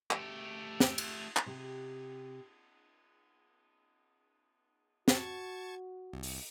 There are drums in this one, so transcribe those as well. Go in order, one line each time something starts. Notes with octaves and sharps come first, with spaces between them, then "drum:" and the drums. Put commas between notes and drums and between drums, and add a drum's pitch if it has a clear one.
A3 G4, drum: clap
drum: snare
drum: cymbal
drum: clap
C3 G4
F#4 A5 C#6 G#6, drum: snare
C2
drum: open hi-hat